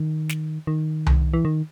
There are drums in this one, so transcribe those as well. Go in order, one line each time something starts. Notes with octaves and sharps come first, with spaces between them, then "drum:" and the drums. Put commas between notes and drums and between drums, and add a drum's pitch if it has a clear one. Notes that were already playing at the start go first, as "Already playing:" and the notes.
Already playing: D#3
drum: snare
D#3
drum: tom C2
E3
D#3